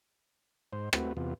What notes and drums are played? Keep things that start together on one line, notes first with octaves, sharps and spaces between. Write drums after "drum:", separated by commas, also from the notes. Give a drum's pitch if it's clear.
G#2 C5
A3 C4 F#4 B4, drum: rim click
E2 C3 B3 F4